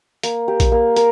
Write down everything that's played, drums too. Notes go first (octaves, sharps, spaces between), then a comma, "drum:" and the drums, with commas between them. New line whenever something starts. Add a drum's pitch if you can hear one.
A#3, drum: hi-hat
G4
drum: kick A#1, hi-hat
A#3
A#4, drum: hi-hat